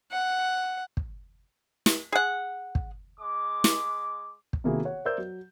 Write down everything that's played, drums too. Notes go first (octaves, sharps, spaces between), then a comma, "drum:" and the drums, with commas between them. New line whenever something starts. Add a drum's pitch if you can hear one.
F#5
drum: kick
drum: snare
G#4 F#5
drum: kick
G#3 D6
drum: snare
drum: kick
C3 D#3 A#3 E4 F#4 G#4
C#5 F#5
A#4 C5 D5 E5 E6 G6
F#3